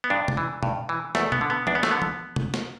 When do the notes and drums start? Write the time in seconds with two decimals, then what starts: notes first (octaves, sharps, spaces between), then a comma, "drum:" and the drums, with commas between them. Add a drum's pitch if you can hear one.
0.04 B3
0.10 G2 D4
0.28 drum: tom
0.37 E3
0.63 G2, drum: tom B2
0.89 E3
1.15 E2 A3, drum: snare
1.32 B3, drum: tom B2
1.41 D3
1.50 B3
1.67 E2 D4, drum: tom
1.75 B3
1.83 A3, drum: snare
1.91 D3 B3
2.02 drum: tom
2.36 drum: tom
2.54 drum: snare